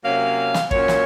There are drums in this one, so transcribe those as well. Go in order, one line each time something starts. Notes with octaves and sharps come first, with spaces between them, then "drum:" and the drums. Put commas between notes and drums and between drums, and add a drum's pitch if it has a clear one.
C3 F#3 A#3 C#4 F5
drum: snare
A#2 F#3 C#4 C#5, drum: kick
drum: snare